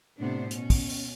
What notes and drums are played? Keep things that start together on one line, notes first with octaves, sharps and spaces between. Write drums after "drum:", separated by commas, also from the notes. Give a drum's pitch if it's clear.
A2 C3 B3 D4 C5
B2 C#4, drum: hi-hat
drum: kick, open hi-hat
drum: open hi-hat